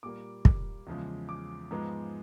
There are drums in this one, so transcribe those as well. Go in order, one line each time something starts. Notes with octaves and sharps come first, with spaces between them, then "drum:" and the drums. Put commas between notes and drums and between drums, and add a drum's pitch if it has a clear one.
A#2 G3 A#3 D6
drum: kick
E2 C#3 F3 G#3
D6
G#2 F3 G#3 B3